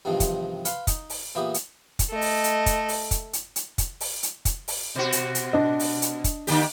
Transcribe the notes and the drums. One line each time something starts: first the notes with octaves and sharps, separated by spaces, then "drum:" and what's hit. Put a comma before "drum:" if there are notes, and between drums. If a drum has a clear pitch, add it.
E2 G2 C3 D#3 F3 C4
drum: kick, hi-hat
B4 F5 C6, drum: hi-hat
D#4, drum: kick, hi-hat
drum: open hi-hat
A#2 E3 B3 E4 G4 G#4
drum: hi-hat
drum: kick, hi-hat
A3 D#5
drum: open hi-hat
drum: hi-hat
drum: kick, hi-hat
drum: open hi-hat
drum: kick, hi-hat
drum: hi-hat
drum: hi-hat
drum: kick, hi-hat
drum: open hi-hat
drum: hi-hat
drum: kick, hi-hat
drum: open hi-hat
B2 F#4
drum: hi-hat
drum: hi-hat
D4 D#5
drum: open hi-hat
drum: hi-hat
drum: kick, hi-hat
D3 A#3 G4, drum: open hi-hat